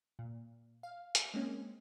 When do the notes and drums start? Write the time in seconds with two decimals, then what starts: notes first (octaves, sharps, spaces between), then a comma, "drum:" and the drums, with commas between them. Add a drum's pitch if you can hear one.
0.19 A#2
0.83 F5
1.15 drum: hi-hat
1.34 G#3 A#3 C4 C#4